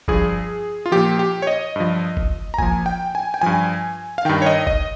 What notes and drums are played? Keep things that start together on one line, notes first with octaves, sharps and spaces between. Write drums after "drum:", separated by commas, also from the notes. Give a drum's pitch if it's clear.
G2 F3 G#4, drum: kick F#1
F4
A#2 F3 G4
G4
C#5
D#5
G2 F3
drum: kick F#1
A#5
A#2 F3 G#5, drum: kick F#1
G5
G#5
G5
G2 F3 G#5
F5
G2 D#3 G5
C#5
D#5
D#5, drum: kick F#1